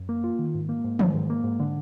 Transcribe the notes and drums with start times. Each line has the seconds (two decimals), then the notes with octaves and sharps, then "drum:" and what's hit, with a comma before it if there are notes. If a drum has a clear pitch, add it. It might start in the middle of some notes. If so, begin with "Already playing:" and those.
Already playing: F#2
0.09 A#3
0.24 F4
0.39 D#3
0.54 G#2
0.69 A#3
0.84 G#2
0.99 D#3, drum: tom E3
1.14 G#2
1.30 A#3
1.44 G#2
1.60 D3